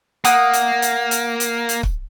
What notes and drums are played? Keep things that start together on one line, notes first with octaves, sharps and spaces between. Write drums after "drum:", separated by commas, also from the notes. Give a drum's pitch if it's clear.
A#3 F#5 D#6, drum: hi-hat
drum: hi-hat
drum: hi-hat
drum: hi-hat
drum: hi-hat
drum: hi-hat
drum: kick